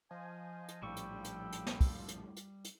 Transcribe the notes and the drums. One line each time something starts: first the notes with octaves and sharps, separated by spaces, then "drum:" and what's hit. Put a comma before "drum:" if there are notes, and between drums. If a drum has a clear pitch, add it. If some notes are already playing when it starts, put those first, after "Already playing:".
F3 C5 D#5 G#5
drum: hi-hat
A#1 A2 G3 G5 B5 C#6 E6
drum: hi-hat
drum: hi-hat
drum: hi-hat
drum: snare
drum: kick, open hi-hat
drum: hi-hat
drum: hi-hat
drum: hi-hat